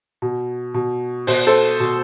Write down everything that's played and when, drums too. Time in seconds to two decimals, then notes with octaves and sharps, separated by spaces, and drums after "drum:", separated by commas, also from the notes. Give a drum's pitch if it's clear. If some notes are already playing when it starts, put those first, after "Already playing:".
0.22 B2
0.74 B2
1.27 B2 C5, drum: open hi-hat
1.47 A4 C5
1.80 B2